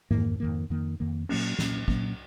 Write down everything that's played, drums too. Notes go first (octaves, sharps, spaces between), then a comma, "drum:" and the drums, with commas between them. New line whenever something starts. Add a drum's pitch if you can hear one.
F2 D#3 A#3, drum: tom G#2
F2 D#3 A#3
F2 D#3 A#3
F2 D#3 A#3
A#2 F#3 A#3 C#4, drum: cymbal
A#2 F#3 A#3 C#4, drum: snare
A#2 F#3 A#3 C#4, drum: kick